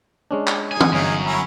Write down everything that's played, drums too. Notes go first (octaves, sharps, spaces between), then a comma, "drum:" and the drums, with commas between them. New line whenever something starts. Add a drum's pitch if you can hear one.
G#3 C#4 D4
drum: clap
D#4 G#4 G#5
drum: tom
G1 F#2 D#4 G#4 C#5 F5
C#4 E4 A#5